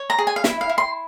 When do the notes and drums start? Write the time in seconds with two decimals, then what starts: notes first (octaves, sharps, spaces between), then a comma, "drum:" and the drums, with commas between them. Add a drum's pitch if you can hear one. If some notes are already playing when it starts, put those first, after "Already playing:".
Already playing: C#5
0.10 A#5
0.18 G#4
0.27 G#5
0.36 F5
0.44 E4 E5, drum: snare
0.61 F5
0.69 E4
0.78 C6